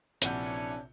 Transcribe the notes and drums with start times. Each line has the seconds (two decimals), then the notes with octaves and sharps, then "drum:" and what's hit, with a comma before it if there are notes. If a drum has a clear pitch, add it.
0.22 A#1 C3 E3 C#4 D4 C#5 F#5 G6, drum: hi-hat